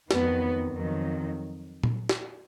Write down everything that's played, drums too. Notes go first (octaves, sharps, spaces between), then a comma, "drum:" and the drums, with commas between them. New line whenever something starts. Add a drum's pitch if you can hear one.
F2 D#3 F#3 B3, drum: snare
F2 D#3 F#3
drum: tom A#2
drum: snare